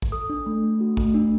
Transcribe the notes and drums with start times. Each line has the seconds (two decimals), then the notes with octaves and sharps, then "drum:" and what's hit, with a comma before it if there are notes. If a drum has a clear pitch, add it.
0.02 drum: kick A1
0.12 A4 D#6
0.30 D4
0.46 A3
0.63 A3
0.80 F#4
0.97 A3, drum: kick A1
1.14 D4